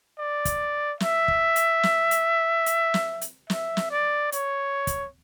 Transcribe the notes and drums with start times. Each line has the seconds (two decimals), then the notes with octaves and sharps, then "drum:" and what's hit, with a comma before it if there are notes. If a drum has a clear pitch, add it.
0.18 D5
0.45 drum: kick, hi-hat
1.00 E5, drum: snare
1.28 drum: kick
1.56 drum: hi-hat
1.83 drum: snare
2.11 drum: hi-hat
2.66 drum: hi-hat
2.94 drum: snare
3.21 drum: hi-hat
3.50 E5, drum: snare
3.77 drum: snare
3.90 D5
4.32 C#5, drum: hi-hat
4.87 drum: kick, hi-hat